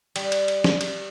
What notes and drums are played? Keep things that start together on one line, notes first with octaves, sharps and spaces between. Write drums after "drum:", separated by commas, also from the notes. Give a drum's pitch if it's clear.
G3, drum: cymbal
drum: cymbal
drum: cymbal
drum: snare
drum: cymbal